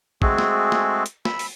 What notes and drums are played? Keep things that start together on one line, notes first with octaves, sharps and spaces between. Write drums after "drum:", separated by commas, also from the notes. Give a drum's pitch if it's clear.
G#3 A3 C4 F#4 G#4 A4, drum: kick
drum: snare
drum: snare
drum: hi-hat
B5 E6, drum: snare
drum: open hi-hat